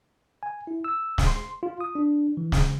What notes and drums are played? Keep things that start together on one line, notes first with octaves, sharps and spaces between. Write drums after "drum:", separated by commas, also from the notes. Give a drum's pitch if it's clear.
G#5
E4
E6
drum: snare
C6
F4
D#6
D4
E3
C#3, drum: snare